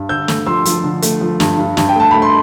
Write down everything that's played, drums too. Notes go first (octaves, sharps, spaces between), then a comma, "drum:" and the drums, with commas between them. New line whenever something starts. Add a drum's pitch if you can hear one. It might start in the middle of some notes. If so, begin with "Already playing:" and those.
Already playing: G2
D3 E6 G6
A3, drum: snare
F3 C6 E6
F3, drum: hi-hat
D3
A3, drum: hi-hat
F3
G2, drum: snare
G2
G2, drum: snare
G5
A3 A5
A3 B5
C6